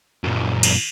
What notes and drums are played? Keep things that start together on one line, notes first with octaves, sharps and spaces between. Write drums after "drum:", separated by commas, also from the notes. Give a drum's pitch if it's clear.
F#2 A#2
drum: cymbal